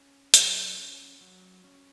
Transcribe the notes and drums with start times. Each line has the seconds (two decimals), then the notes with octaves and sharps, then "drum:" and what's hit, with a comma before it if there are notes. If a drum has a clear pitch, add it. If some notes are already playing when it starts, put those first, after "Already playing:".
Already playing: C#4
0.34 F#3, drum: hi-hat
0.78 C#4
1.21 F#3
1.64 C#4